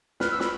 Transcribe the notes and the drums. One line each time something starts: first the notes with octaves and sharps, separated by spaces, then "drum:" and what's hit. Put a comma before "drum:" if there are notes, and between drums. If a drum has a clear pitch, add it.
B4 F6, drum: snare
E6
B5, drum: snare